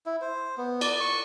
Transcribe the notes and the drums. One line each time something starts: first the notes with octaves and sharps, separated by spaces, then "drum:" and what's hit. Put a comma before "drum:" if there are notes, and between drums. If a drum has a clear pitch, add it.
E4
C5
B3
D5, drum: cymbal
C#6